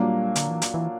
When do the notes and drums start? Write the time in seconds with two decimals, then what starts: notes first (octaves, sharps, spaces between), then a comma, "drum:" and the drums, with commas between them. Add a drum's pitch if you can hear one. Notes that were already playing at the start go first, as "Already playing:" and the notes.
Already playing: A#2 F#3 G3 A#3 D4
0.36 D3, drum: hi-hat
0.49 E3
0.62 drum: hi-hat
0.74 E3